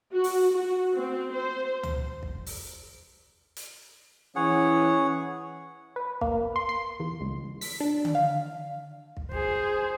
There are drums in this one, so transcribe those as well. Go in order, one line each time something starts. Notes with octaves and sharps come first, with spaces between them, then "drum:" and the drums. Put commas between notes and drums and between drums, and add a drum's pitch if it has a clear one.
F#4
drum: open hi-hat
F#4
C4
C5
drum: tom C#2
drum: kick
drum: open hi-hat
drum: hi-hat
E3 C#4 G#4 C#5 F#5
B4
A#3, drum: kick
C6
C6
E2
C#2
B6, drum: open hi-hat
D4
drum: tom D3
F5
drum: kick
G#4 C5, drum: kick